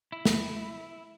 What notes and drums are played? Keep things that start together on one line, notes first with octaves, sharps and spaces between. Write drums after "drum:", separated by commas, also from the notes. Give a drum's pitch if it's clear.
E4
drum: snare